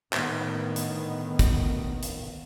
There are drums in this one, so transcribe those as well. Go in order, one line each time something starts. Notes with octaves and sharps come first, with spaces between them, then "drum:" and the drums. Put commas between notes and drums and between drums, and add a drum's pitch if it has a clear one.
A2 D3 D#3 B3, drum: clap
drum: hi-hat
drum: kick, hi-hat
drum: hi-hat